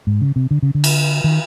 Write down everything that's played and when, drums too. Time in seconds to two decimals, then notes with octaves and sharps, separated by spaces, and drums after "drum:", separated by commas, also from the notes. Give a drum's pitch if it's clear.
0.07 G#2
0.21 C#3
0.36 C3
0.51 D3
0.62 C#3
0.75 D3
0.84 drum: cymbal
1.24 D#3